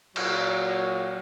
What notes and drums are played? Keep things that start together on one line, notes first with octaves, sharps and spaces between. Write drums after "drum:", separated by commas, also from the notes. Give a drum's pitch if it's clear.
A#2 F#3, drum: cymbal